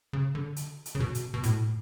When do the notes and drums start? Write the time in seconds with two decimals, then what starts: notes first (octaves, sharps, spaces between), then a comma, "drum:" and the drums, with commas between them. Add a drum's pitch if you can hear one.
0.13 C#3
0.35 D3
0.56 drum: hi-hat
0.86 drum: hi-hat
0.95 C#3
1.00 B2
1.15 drum: hi-hat
1.34 B2
1.43 A2, drum: hi-hat